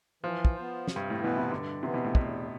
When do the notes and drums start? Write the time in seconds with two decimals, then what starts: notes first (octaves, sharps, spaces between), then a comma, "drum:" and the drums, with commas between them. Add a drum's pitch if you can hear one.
0.23 E3 F3
0.45 drum: kick
0.55 B3 F4 C5
0.88 C3, drum: snare
0.96 G2
1.10 A2
1.20 B2 E3 B3 E4 B4
1.38 C3
1.52 G2 D3
1.83 C3 E3 B3
1.94 B2
2.04 A2
2.15 E2 B2, drum: kick